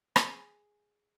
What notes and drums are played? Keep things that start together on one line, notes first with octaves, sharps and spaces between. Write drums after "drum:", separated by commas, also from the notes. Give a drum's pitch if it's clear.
G#4, drum: rim click